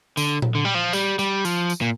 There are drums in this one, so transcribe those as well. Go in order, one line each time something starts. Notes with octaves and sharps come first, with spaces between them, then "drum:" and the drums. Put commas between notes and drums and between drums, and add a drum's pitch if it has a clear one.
D3, drum: tambourine
drum: tom A#2
D3
G3
F3
G3, drum: tambourine
G3, drum: tambourine
F3, drum: tambourine
drum: tambourine
A#2